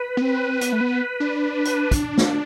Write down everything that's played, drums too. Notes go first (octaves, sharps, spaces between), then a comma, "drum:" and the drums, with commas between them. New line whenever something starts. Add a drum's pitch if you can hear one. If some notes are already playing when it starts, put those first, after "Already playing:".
Already playing: B4
B3
C4
B3, drum: hi-hat
A3
B3
D4
drum: hi-hat
drum: kick, hi-hat
drum: snare